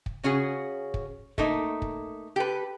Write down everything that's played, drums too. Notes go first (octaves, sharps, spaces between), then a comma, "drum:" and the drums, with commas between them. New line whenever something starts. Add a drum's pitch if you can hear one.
drum: kick
C#3 C#4 F#4 G#4
drum: kick
A3 A#3 D#4, drum: kick
drum: kick
G4 A4 B4